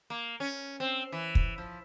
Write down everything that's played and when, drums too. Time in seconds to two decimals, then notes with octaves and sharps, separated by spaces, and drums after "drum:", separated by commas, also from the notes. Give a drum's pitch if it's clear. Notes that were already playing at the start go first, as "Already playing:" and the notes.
0.10 A#3
0.40 C#4
0.80 C4
1.12 E3
1.35 drum: kick
1.58 F3